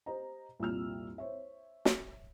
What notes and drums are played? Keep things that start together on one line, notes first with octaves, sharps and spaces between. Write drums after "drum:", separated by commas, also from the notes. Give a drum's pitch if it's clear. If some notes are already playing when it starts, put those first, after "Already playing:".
G4 C5 D#5 A#5
C2 F2 A#2 E6 F6
C5 C#5 E5
drum: snare